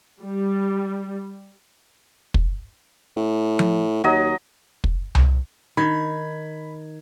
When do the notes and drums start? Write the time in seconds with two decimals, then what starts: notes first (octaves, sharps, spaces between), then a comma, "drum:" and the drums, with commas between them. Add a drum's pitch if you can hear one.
0.22 G3
2.34 drum: kick
3.16 A2
3.59 drum: tom F3
4.04 D#2 F#3 D#5
4.84 drum: kick
5.15 drum: tom C2
5.77 D#3 B5 G#6